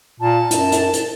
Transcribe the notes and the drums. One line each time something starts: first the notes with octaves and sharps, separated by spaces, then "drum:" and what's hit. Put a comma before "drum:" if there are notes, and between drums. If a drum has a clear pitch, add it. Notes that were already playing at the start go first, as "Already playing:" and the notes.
A#2 A5
F#2, drum: hi-hat
drum: hi-hat
drum: hi-hat